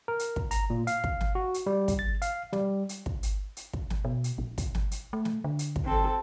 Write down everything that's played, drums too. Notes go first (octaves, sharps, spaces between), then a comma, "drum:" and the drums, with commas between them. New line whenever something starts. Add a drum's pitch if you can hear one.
A#4
drum: hi-hat
drum: kick
A#5, drum: hi-hat
A#2
F5, drum: hi-hat
drum: kick
drum: snare
F#4
drum: hi-hat
G3
drum: kick, hi-hat
A6
F5, drum: hi-hat
G3, drum: snare
drum: hi-hat
drum: kick
drum: hi-hat
drum: hi-hat
drum: kick
drum: snare
B2
drum: hi-hat
A#1
drum: kick, hi-hat
drum: snare
drum: hi-hat
A3
drum: snare
D3
drum: hi-hat
drum: kick
C4 A4